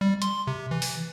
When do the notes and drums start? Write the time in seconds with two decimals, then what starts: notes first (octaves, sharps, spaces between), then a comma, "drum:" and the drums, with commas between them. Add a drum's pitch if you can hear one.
0.01 G3
0.22 C6, drum: hi-hat
0.47 C3
0.71 E3
0.82 drum: open hi-hat